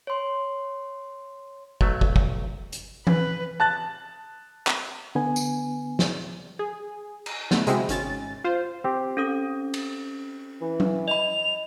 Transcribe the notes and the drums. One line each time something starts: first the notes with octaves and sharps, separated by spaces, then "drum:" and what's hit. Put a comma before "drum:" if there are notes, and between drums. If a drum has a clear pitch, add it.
C#5 C6
B1 F#3 A3, drum: kick
drum: kick
drum: kick
drum: hi-hat
B4, drum: tom E3
A5 F#6 A6
drum: clap
D3 B3 G#5
drum: tambourine
drum: snare
G#4
drum: cymbal
D3 A3 B3, drum: snare
C3 G#3 C4 E4 F#4, drum: hi-hat
G#1 C#4 A6, drum: hi-hat
F4 C5
C4 G4
C#4 A4 D#6
drum: cymbal
E3
drum: tom F#3
D#5 B5 F7